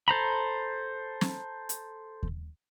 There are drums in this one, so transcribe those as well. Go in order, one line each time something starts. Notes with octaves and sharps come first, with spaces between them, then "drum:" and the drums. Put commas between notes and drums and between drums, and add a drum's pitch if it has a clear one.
A4 C5 A#5 B5
drum: snare
drum: hi-hat
drum: kick D#2